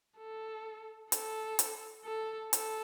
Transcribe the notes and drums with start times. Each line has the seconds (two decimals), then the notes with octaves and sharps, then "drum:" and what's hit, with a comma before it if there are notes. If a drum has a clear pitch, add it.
0.19 A4
1.12 A4, drum: hi-hat
1.59 drum: hi-hat
2.05 A4
2.53 A4, drum: hi-hat